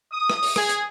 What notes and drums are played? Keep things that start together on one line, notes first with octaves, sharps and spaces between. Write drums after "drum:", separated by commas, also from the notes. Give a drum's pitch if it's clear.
D#6
drum: rim click
drum: open hi-hat
G#4, drum: rim click
drum: hi-hat